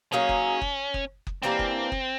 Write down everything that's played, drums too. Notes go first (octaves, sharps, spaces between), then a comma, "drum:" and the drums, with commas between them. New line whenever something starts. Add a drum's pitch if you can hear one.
F#3 A#3 C#4 D#4 G#4
drum: kick F#1
drum: kick F#1
drum: kick F#1
drum: kick F#1
E3 G3 A#3 C4 D4
drum: kick F#1
drum: kick F#1